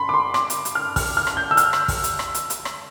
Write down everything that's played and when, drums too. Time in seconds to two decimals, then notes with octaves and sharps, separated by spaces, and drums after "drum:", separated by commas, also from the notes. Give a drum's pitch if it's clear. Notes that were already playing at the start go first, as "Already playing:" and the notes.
Already playing: B5 C6
0.09 D6
0.14 C6
0.34 D6, drum: rim click
0.50 drum: hi-hat
0.65 drum: hi-hat
0.75 F6
0.96 F6, drum: kick, open hi-hat
1.17 F6
1.27 drum: rim click
1.37 G6
1.51 E6
1.57 F6, drum: hi-hat
1.73 drum: rim click
1.88 drum: kick, open hi-hat
2.04 drum: hi-hat
2.19 drum: rim click
2.34 drum: hi-hat
2.50 drum: hi-hat
2.65 drum: rim click